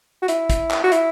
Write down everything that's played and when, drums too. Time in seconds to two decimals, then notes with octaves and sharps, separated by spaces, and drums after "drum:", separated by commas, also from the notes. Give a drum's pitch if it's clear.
0.22 F#4
0.28 E4, drum: hi-hat
0.50 drum: kick, hi-hat
0.71 drum: clap
0.84 F#4
0.92 E4, drum: hi-hat